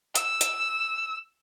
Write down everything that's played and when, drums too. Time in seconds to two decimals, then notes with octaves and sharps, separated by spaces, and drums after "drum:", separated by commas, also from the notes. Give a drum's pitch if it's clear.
0.15 E6, drum: hi-hat
0.41 drum: hi-hat